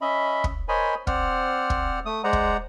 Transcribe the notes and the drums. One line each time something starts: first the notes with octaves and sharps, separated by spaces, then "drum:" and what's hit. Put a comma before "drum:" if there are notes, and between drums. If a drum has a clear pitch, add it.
C#4 D#5 E5 B5
drum: kick
A#4 C5 C#5 D#5 G#5 B5
C4 C5 D5 F#5 F6, drum: kick
drum: kick
A3 D#6
G#3 C5 D5 F#5 A#5
drum: kick